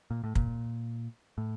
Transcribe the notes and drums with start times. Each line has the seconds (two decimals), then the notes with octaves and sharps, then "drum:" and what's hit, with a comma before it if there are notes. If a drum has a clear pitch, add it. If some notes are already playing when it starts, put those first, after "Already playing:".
0.11 A#2
0.24 A2
0.35 A#2, drum: kick
1.38 A2